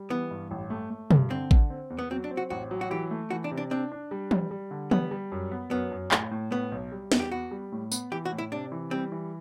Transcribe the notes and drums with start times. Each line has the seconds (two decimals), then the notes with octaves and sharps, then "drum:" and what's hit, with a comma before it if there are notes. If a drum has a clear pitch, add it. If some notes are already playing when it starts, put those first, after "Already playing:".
Already playing: G3
0.10 E3 B3
0.31 G2
0.51 A1
0.70 A3
0.90 A3
1.11 G2, drum: tom
1.30 D3 C4
1.51 D3, drum: kick A1
1.70 C4
1.90 E2
1.99 B3
2.11 F#3 C4
2.24 D4
2.31 C4
2.37 F#4
2.50 A1 F#4
2.71 F#3
2.81 F#4
2.90 E3 G4
3.11 A3
3.30 E3 F#4
3.44 D4
3.51 C3
3.58 D4
3.71 C4 D4
3.92 D4
4.11 G3
4.31 G3, drum: tom E3
4.51 G3
4.71 D3
4.91 G3 B3, drum: tom E3
5.11 G3
5.32 F#2
5.52 B3
5.71 F#2 B3
5.92 F#2
6.11 A2, drum: clap
6.31 A2
6.51 A2 B3
6.72 B1
6.92 G3
7.12 E2, drum: snare
7.20 G4
7.31 B3 F#4
7.51 G3
7.72 A2
7.91 B3, drum: tambourine
8.12 E3 G4
8.25 F#4
8.32 A2
8.38 E4
8.52 C3 D4
8.72 E3
8.91 G3 C4
9.12 E3